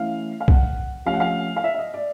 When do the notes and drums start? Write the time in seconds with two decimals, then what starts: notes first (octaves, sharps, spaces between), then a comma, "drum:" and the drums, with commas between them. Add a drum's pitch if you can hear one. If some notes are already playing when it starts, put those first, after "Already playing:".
Already playing: E3 A3 C#4 E4 F5
0.40 F5
0.48 F#5, drum: kick B1
1.06 C3 F3 A3 C#4 F5
1.14 F#5
1.20 F5
1.56 F5
1.64 E5
1.75 E5
1.79 D#5
1.94 D5